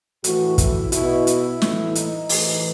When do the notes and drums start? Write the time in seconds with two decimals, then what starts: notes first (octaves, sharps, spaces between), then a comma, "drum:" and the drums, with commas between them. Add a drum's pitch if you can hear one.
0.24 A2 E3 F#4, drum: hi-hat
0.58 E4, drum: kick, hi-hat
0.92 B2 E4, drum: hi-hat
1.27 E4, drum: hi-hat
1.62 A2 E3, drum: snare
1.95 D#4, drum: hi-hat
2.29 A2 E3, drum: open hi-hat